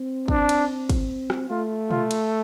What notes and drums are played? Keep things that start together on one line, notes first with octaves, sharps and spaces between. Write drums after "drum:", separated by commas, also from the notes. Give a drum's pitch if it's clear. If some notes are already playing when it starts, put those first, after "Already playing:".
Already playing: C4
D4, drum: kick
drum: cymbal
drum: kick, cymbal
drum: rim click
A3 F4
F4, drum: tom B2
drum: cymbal